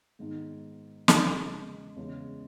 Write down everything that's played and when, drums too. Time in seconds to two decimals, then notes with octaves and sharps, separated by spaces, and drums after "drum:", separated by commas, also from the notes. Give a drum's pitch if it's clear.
0.19 G#2 D#3 G#3 B3 D#4
1.08 E2 C#3 E3 G#3 D#4, drum: snare
1.96 E2 C#3 G#3